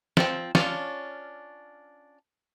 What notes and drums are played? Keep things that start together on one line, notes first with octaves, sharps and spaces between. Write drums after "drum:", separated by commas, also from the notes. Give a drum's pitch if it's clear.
F3 C4, drum: snare
C#4 D4 F4, drum: snare